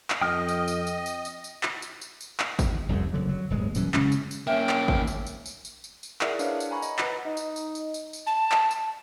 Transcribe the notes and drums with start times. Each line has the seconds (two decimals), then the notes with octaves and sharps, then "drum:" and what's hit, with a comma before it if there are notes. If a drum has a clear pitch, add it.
0.10 drum: clap
0.21 F2 D#5 G5 D#6 F6
0.48 drum: tambourine
0.68 drum: tambourine
0.87 drum: tambourine
1.06 drum: tambourine
1.25 drum: tambourine
1.44 drum: tambourine
1.63 drum: clap
1.82 drum: tambourine
2.01 drum: tambourine
2.21 drum: tambourine
2.40 drum: clap
2.59 drum: kick, tambourine
2.89 F1 C2 F2 A2
3.13 F#1 D3 F#3
3.29 F#3
3.50 D1 G1 G#3
3.75 D#1 F#2 E3, drum: tambourine
3.94 C#3 G#3 C#4, drum: clap
4.12 drum: tambourine
4.31 drum: tambourine
4.47 A#3 C#4 E5 G5
4.69 drum: clap
4.88 drum: kick
5.07 drum: tambourine
5.27 drum: tambourine
5.46 drum: tambourine
5.65 drum: tambourine
5.84 drum: tambourine
6.03 drum: tambourine
6.21 E4 G#4 A#4 D5 E5 F#5, drum: clap
6.39 D4 B4 C#5 F5 F#5, drum: tambourine
6.60 drum: tambourine
6.71 G#5 A#5 B5 C#6
6.82 D#5, drum: tambourine
6.99 B4 F#5 A#5, drum: clap
7.25 D#4
7.37 drum: tambourine
7.56 drum: tambourine
7.75 drum: tambourine
7.94 drum: tambourine
8.13 drum: tambourine
8.27 A5
8.52 drum: clap
8.71 drum: tambourine